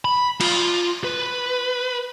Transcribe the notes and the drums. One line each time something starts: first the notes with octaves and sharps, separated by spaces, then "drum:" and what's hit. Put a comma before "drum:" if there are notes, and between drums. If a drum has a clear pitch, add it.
B5
F4, drum: cymbal
B4